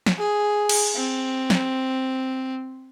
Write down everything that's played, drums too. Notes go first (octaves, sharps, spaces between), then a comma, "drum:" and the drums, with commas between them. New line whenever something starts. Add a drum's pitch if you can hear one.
drum: snare
G#4
drum: cymbal
C4
drum: snare